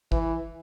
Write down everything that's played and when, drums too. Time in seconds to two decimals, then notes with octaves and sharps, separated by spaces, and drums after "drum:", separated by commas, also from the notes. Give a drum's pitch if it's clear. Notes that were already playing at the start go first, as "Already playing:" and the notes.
0.12 E3, drum: kick